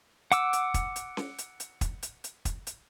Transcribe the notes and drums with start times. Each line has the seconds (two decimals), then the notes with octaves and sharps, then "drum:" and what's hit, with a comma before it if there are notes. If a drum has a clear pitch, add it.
0.32 F#5 D6 E6, drum: hi-hat
0.53 drum: hi-hat
0.74 drum: kick, hi-hat
0.96 drum: hi-hat
1.17 drum: snare C#4
1.38 drum: hi-hat
1.60 drum: hi-hat
1.81 drum: kick, hi-hat
2.02 drum: hi-hat
2.24 drum: hi-hat
2.45 drum: kick, hi-hat
2.67 drum: hi-hat